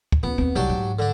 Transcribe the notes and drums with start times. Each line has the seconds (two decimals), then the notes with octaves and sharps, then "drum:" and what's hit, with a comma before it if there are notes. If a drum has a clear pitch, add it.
0.12 drum: kick D2
0.23 C#2 B3
0.38 D#2 C4
0.56 C2 F#3 D4 G4
0.69 G#2
0.99 D3 D4